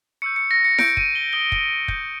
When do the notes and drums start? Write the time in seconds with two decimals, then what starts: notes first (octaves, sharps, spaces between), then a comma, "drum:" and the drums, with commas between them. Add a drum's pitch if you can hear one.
0.22 C#6 E6 G6 C#7
0.36 C#7
0.51 A#6
0.65 C#7
0.78 C#6 E6 G6 D7, drum: snare E4
0.97 D#7, drum: kick
1.15 G7
1.33 D#6 G6 G7
1.52 drum: kick
1.88 D#6 G6, drum: kick